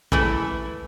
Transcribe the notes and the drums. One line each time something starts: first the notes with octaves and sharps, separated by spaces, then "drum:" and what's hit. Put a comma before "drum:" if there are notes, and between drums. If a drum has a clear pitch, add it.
E3 A3 E4, drum: kick